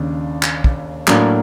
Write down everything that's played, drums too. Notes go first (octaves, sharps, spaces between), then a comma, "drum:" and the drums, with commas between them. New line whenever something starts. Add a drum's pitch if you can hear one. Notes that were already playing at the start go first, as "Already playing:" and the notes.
Already playing: D#2 C#3 D4
drum: clap
drum: kick
A2 F#3 A#3 D4, drum: clap